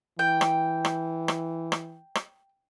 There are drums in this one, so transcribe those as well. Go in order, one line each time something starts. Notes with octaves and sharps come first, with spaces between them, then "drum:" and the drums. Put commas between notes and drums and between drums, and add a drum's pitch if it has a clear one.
E3 G5
drum: rim click
drum: rim click
drum: rim click
drum: rim click
drum: rim click